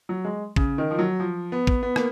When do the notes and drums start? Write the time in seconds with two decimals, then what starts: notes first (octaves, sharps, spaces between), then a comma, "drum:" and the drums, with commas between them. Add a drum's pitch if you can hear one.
0.09 F#3
0.25 G#3
0.56 C#3, drum: kick
0.78 D#3
0.91 F3
0.99 F#3
1.20 F3
1.52 B3
1.67 drum: kick
1.83 B3
1.96 A#3, drum: rim click